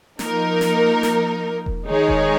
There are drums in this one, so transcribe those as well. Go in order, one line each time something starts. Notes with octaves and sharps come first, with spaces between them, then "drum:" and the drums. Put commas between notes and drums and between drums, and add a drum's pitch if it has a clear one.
F3 A#3 D#4 A#4, drum: snare
drum: snare
drum: snare
drum: kick E1
D#3 G#3 D#4 G#4 C#5
drum: kick E1